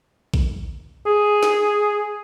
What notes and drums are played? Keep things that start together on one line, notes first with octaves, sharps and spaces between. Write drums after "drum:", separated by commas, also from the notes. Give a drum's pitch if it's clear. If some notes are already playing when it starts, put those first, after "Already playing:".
drum: kick A#1
G#4
drum: snare